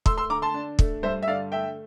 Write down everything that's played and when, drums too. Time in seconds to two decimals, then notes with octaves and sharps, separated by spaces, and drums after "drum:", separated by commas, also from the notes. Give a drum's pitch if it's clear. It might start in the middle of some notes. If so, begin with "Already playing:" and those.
0.06 A3 C6 E6, drum: kick
0.17 C6 E6
0.30 D3 A#5 D6
0.42 A5 C6
0.54 D4
0.79 A3, drum: kick
1.03 G2 C5 E5
1.23 E5
1.28 D3 D5 F5
1.52 A3 E5 G5